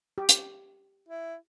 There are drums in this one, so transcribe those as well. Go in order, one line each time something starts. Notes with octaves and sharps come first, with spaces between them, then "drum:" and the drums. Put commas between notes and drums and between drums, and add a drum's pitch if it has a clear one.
G4
drum: hi-hat
E4